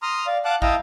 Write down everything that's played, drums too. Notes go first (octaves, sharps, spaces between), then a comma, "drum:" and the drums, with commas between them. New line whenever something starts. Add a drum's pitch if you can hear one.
A#5 C6 D#6 F6
D5 F5
F5 F#5 A5 D6 F#6
E4 D#5 F5 G5 A5 A#5, drum: kick